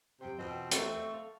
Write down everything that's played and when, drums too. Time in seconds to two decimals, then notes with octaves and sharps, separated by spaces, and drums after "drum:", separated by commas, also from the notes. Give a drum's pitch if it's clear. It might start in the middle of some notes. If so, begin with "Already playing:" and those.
0.21 F#2 C3 C5 G5
0.39 E2 B2 C4 F4 D#5
0.71 A3 C#6, drum: hi-hat
1.11 A4 F5